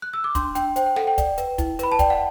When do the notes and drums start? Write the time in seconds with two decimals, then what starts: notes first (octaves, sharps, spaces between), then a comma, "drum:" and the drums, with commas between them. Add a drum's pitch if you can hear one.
0.02 F#6
0.13 E6
0.24 D6
0.35 D4 C6, drum: kick, hi-hat
0.55 D4 G5, drum: hi-hat
0.76 C5 G5, drum: hi-hat
0.86 G5
0.96 A4 F#5, drum: snare
1.07 G5
1.18 D5, drum: kick, hi-hat
1.38 B4, drum: hi-hat
1.58 E4, drum: kick, hi-hat
1.79 B4 B5, drum: hi-hat
1.92 A5
1.99 D5 G5, drum: kick, hi-hat
2.10 F#5